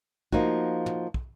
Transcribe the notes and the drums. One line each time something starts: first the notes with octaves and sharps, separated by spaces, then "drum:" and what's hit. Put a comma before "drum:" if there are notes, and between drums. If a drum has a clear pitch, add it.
F3 A#3 D#4 F#4, drum: kick
drum: tom
drum: kick